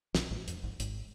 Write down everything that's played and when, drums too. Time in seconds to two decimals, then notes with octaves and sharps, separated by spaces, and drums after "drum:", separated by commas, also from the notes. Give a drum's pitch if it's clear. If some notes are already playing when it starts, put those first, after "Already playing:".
0.15 B1 B2, drum: snare
0.31 A1 A2
0.48 F2, drum: hi-hat
0.63 G#1 G#2
0.80 G#1 G#2, drum: hi-hat